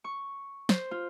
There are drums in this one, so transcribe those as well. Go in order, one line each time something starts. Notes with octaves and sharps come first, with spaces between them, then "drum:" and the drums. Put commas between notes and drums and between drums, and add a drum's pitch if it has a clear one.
C#6
C5, drum: snare
F4